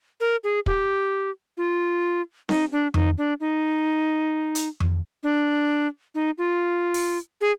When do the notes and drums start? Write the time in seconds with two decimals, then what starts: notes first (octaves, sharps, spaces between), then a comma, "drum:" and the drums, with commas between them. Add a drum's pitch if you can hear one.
0.20 A#4
0.44 G#4
0.66 G4, drum: kick
1.57 F4
2.49 D#4, drum: snare C4
2.72 D4
2.94 D#4, drum: tom F2
3.18 D4
3.40 D#4
4.55 drum: hi-hat
4.80 drum: tom F2
5.23 D4
6.15 D#4
6.38 F4
6.94 drum: open hi-hat
7.41 G#4